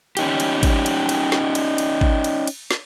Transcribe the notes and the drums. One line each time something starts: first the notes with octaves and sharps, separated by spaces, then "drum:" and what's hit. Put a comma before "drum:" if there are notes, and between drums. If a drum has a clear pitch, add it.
C#4 D#4 G4, drum: cymbal
drum: cymbal
drum: kick G#1, cymbal
drum: cymbal
drum: cymbal
drum: snare
drum: cymbal
drum: cymbal
drum: kick G#1
drum: cymbal
drum: cymbal
drum: snare